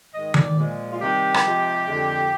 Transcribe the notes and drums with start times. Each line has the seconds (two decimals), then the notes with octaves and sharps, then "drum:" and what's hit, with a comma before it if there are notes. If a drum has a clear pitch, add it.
0.13 G#2 D#3 G#3 D#5
0.34 D5, drum: tom D#3
0.56 A#2 F3 G#3
0.90 F4
1.00 C3 D#3 G3 G4
1.34 drum: rim click
1.44 C3 F3 G#3
1.87 F2 D3 G#3